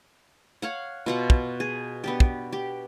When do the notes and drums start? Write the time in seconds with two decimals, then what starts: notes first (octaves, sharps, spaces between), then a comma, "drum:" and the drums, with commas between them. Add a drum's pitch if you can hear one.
0.62 C#5 F5 F#5
1.06 B2 F4 F#5
1.30 drum: kick
1.60 G#4
2.04 B3 D4 G4
2.20 drum: kick
2.53 G4